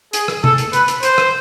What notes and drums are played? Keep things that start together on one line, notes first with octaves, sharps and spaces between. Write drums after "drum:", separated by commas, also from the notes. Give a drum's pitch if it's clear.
G#4, drum: hi-hat
drum: rim click
A4, drum: tom C3
drum: hi-hat
B4, drum: hi-hat
drum: hi-hat
C5, drum: hi-hat
drum: rim click